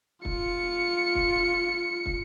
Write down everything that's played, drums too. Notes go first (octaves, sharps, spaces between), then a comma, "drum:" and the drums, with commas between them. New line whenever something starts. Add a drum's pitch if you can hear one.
F4 C#7, drum: kick
drum: kick
drum: kick